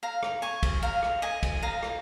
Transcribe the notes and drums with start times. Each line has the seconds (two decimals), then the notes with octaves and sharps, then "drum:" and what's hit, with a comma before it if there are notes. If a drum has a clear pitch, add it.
0.03 F5 A#5
0.23 drum: rim click
0.42 G#5 C#6
0.63 drum: kick, cymbal
0.83 F5 A#5
1.03 drum: rim click
1.22 D#5 G#5
1.43 drum: kick, cymbal
1.62 F5 A#5
1.83 drum: rim click